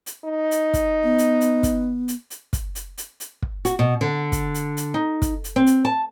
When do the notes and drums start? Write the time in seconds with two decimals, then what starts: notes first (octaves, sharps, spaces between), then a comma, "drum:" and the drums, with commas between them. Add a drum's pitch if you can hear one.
0.06 drum: hi-hat
0.25 D#4
0.51 drum: hi-hat
0.74 drum: kick, hi-hat
1.04 B3
1.18 drum: hi-hat
1.41 drum: hi-hat
1.63 drum: kick, hi-hat
2.08 drum: hi-hat
2.30 drum: hi-hat
2.53 drum: kick, hi-hat
2.75 drum: hi-hat
2.98 drum: hi-hat
3.20 drum: hi-hat
3.42 drum: kick
3.65 F#4, drum: hi-hat
3.79 B2
4.01 D3
4.32 drum: kick, hi-hat
4.54 drum: hi-hat
4.77 drum: hi-hat
4.94 D#4
5.22 drum: kick, hi-hat
5.44 drum: hi-hat
5.56 C4
5.67 drum: hi-hat
5.85 A5